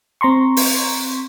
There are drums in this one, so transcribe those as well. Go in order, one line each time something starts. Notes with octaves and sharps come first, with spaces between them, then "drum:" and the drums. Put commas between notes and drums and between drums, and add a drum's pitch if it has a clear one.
C4 A#5 C6 C#6
drum: open hi-hat